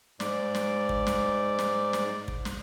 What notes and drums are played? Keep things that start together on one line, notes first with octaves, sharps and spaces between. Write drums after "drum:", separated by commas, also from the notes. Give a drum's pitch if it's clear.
G#2 D5, drum: snare
drum: snare
drum: kick
drum: snare
drum: snare
drum: snare
drum: kick
drum: snare